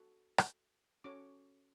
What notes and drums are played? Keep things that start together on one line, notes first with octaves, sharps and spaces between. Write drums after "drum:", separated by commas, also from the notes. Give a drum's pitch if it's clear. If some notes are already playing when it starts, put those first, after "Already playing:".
Already playing: F#4 A4
drum: rim click
C#4 F#4 A4 C#5 D6